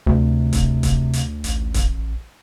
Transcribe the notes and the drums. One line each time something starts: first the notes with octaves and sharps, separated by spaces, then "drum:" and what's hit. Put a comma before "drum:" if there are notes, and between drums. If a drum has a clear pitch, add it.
D2 C3
drum: kick, hi-hat
drum: kick, hi-hat
drum: hi-hat
A1, drum: hi-hat
drum: kick, hi-hat